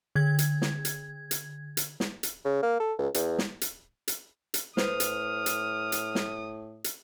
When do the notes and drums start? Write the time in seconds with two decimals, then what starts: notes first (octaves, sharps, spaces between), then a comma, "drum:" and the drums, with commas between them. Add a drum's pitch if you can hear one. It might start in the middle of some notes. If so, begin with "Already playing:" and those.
0.15 D3 G#6
0.39 drum: hi-hat
0.62 drum: snare
0.85 drum: hi-hat
1.31 drum: hi-hat
1.77 drum: hi-hat
2.00 drum: snare
2.23 drum: hi-hat
2.45 C#3
2.63 A#3
2.80 A4
2.99 C#2
3.14 E2, drum: hi-hat
3.38 drum: snare
3.61 drum: hi-hat
4.08 drum: hi-hat
4.54 drum: hi-hat
4.77 A2 B4 C5 D#6 F6, drum: snare
5.00 drum: hi-hat
5.46 drum: hi-hat
5.92 drum: hi-hat
6.15 drum: snare
6.84 drum: hi-hat